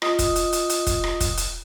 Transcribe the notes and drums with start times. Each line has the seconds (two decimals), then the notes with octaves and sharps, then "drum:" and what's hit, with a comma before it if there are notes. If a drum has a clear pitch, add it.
0.02 F4 D#5 D#6, drum: rim click
0.19 drum: kick, hi-hat
0.36 drum: hi-hat
0.53 drum: hi-hat
0.70 drum: hi-hat
0.87 drum: kick, hi-hat
1.04 drum: rim click
1.21 drum: kick, hi-hat
1.38 drum: hi-hat